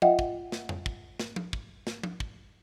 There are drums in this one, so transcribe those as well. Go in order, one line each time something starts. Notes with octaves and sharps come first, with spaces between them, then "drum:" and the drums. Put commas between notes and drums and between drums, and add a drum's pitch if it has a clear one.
F4 D#5 E5 F#5 G5, drum: tom
drum: kick
drum: snare
drum: tom F2
drum: kick
drum: snare
drum: tom
drum: kick
drum: snare
drum: tom
drum: kick